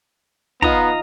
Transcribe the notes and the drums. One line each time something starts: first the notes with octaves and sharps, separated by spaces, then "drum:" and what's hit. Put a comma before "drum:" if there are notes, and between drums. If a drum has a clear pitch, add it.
B3 D#4 F4 F5 A#5 D#6, drum: kick